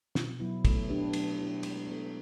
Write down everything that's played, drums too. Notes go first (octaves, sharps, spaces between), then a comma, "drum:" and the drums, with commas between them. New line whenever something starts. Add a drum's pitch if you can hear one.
B2, drum: snare
F#3 B3 E4
A3, drum: kick, cymbal
D4 G4 B4
F#3, drum: cymbal
B3 E4 G4
G#3, drum: cymbal
B3 E4 A4